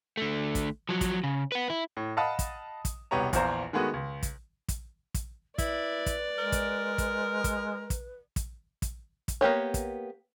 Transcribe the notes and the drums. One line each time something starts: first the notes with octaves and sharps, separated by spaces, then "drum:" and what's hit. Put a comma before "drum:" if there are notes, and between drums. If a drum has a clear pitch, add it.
D3 A3
drum: kick, hi-hat
F3 F#3
drum: kick, hi-hat
C#3
B4 F#5
E4
A2
D#5 F5 F#5 A5 B5 D#6
drum: kick, hi-hat
drum: kick, hi-hat
E1 C2 B3 G4 C#5 A#5
A#1 E2 F4 C5 A#5, drum: kick, hi-hat
D#3 G#3 A3 B3 F#4
C#2
drum: kick, hi-hat
drum: kick, hi-hat
drum: kick, hi-hat
E4 B4 D5, drum: kick, hi-hat
drum: kick, hi-hat
G#3 A#4
drum: kick, hi-hat
drum: kick, hi-hat
drum: kick, hi-hat
drum: kick, hi-hat
drum: kick, hi-hat
drum: kick, hi-hat
drum: kick, hi-hat
A#3 B3 G4 C#5
drum: kick, hi-hat